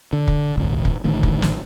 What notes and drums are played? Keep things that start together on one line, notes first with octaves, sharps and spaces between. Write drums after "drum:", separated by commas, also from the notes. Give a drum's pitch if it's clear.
D3
drum: kick
D#1 G#1 C#2
drum: kick
A1 A2 D3 D#3
drum: kick
drum: snare